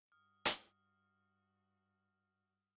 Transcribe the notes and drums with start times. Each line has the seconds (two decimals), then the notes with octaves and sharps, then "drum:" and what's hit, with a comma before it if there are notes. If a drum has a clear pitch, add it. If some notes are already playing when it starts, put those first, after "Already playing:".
0.12 G2 F#4 D#6 F6
0.45 drum: hi-hat